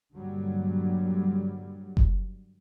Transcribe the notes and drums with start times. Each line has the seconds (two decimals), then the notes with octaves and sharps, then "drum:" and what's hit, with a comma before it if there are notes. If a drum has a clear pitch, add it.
0.14 G2 A#2 D3 F#3 G3
1.97 drum: kick F#1